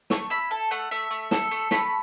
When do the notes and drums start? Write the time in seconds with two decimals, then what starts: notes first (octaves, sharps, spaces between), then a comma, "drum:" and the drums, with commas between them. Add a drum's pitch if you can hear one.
0.10 A3 C#6, drum: snare
0.30 E4 B5
0.51 A4 A5
0.71 A3 F#5
0.91 A3 E5
1.11 A3
1.31 A4, drum: snare
1.51 A3
1.71 A3 B5, drum: snare